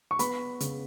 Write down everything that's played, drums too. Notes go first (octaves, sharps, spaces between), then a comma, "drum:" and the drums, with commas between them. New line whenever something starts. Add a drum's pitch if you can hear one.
C#6
B3 B5, drum: hi-hat
C#3, drum: hi-hat